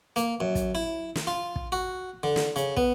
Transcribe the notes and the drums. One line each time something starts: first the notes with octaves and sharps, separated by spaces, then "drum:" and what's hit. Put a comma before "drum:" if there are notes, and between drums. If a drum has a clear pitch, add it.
A#3, drum: hi-hat
F#2
drum: kick, hi-hat
E4
drum: snare
F4
drum: kick
F#4
D3
drum: snare
C#3, drum: hi-hat
B3, drum: kick